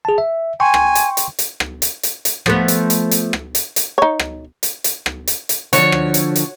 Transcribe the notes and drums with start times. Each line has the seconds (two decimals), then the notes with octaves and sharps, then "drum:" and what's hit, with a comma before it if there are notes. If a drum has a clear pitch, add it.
0.05 G#4 A5
0.18 E5
0.60 G5 G#5 C6 C#6
0.74 drum: rim click
0.95 drum: hi-hat
1.17 drum: hi-hat
1.39 drum: hi-hat
1.60 drum: rim click
1.82 drum: hi-hat
2.03 drum: hi-hat
2.25 drum: hi-hat
2.46 F3 A3 B3, drum: rim click
2.68 drum: hi-hat
2.90 drum: hi-hat
3.11 drum: hi-hat
3.33 drum: rim click
3.55 drum: hi-hat
3.76 drum: hi-hat
3.98 D#4 C#5
4.19 drum: rim click
4.63 drum: hi-hat
4.84 drum: hi-hat
5.06 drum: rim click
5.27 drum: hi-hat
5.49 drum: hi-hat
5.73 D3 F3 F#4 C#5, drum: hi-hat
5.92 drum: rim click
6.14 drum: hi-hat
6.36 drum: hi-hat